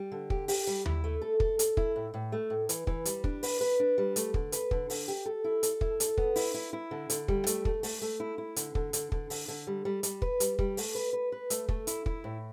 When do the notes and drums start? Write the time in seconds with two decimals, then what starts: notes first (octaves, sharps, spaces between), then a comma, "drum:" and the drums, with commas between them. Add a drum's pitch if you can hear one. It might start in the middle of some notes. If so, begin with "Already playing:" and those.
Already playing: G3
0.12 D3
0.30 G4, drum: kick
0.48 G4, drum: open hi-hat
0.67 G3
0.86 E4, drum: tom D#2
1.04 A3
1.22 A4
1.40 A4, drum: kick
1.59 A4, drum: hi-hat
1.77 E4, drum: kick
1.96 A2
2.14 A2
2.32 A3
2.50 A2
2.69 E3, drum: hi-hat
2.87 E3, drum: kick
3.05 G3, drum: hi-hat
3.24 D4, drum: kick
3.43 B4, drum: open hi-hat
3.61 B4
3.80 D4
3.98 G3
4.16 A3, drum: hi-hat
4.34 D3, drum: kick
4.52 B4, drum: hi-hat
4.71 D3, drum: kick
4.90 D3, drum: open hi-hat
5.08 G4
5.26 A4
5.44 E4
5.63 A4, drum: hi-hat
5.81 E4, drum: kick
6.00 A4, drum: hi-hat
6.18 B3, drum: kick
6.36 E4, drum: open hi-hat
6.54 E4
6.73 E4
6.91 D3
7.10 D3, drum: hi-hat
7.28 G3, drum: kick
7.47 A3, drum: hi-hat
7.65 A3, drum: kick
7.83 A3, drum: open hi-hat
8.02 A3
8.20 E4
8.38 E4
8.56 D3, drum: hi-hat
8.75 D3, drum: kick
8.93 D3, drum: hi-hat
9.12 D3, drum: kick
9.30 D3, drum: open hi-hat
9.48 D3
9.67 G3
9.85 G3
10.03 G3, drum: hi-hat
10.22 B4, drum: kick
10.40 G3, drum: hi-hat
10.59 G3, drum: kick
10.77 A3, drum: open hi-hat
10.95 B4
11.13 B4
11.32 B4
11.50 A3, drum: hi-hat
11.69 A3, drum: kick
11.87 E4, drum: hi-hat
12.06 E4, drum: kick
12.24 A2